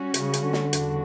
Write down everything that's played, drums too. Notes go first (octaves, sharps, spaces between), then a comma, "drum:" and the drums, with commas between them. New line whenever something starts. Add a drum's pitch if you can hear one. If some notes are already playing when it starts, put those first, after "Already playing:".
Already playing: G3 C#4 F#4
C#3, drum: hi-hat
drum: hi-hat
D3
drum: snare
E2 C#3 G3 D4 F#4, drum: hi-hat